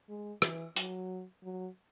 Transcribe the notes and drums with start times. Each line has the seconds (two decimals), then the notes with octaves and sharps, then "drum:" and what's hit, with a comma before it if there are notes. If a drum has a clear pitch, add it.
0.09 G#3
0.42 E3, drum: rim click
0.76 F#3, drum: hi-hat
1.44 F#3